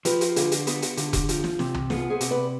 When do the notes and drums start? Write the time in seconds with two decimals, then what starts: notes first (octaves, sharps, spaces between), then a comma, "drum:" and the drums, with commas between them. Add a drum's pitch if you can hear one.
0.05 F3 G4 B4, drum: hi-hat
0.21 drum: hi-hat
0.36 D3 F4 G#4, drum: hi-hat
0.52 drum: hi-hat
0.67 B3, drum: hi-hat
0.82 drum: hi-hat
0.97 D3, drum: hi-hat
1.13 drum: kick E1, hi-hat
1.29 F3, drum: hi-hat
1.44 drum: snare
1.59 C3, drum: snare
1.74 drum: tom
1.90 B3 F4 G#4, drum: snare
2.10 G#4 C5
2.21 C3, drum: hi-hat
2.31 B4 D5